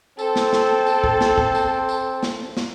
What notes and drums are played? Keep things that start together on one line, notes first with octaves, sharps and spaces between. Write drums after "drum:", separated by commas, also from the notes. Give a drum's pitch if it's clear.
C4 A4, drum: tambourine
drum: snare
drum: snare
drum: tambourine
drum: kick
drum: snare
drum: kick
drum: tambourine
drum: tambourine
drum: snare
drum: snare